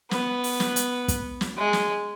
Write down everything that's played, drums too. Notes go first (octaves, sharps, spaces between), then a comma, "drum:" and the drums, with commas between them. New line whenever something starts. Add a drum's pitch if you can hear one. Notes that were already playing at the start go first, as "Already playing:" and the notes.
B3, drum: snare
drum: open hi-hat
drum: snare
drum: hi-hat
drum: kick, hi-hat
drum: snare
G#3
drum: snare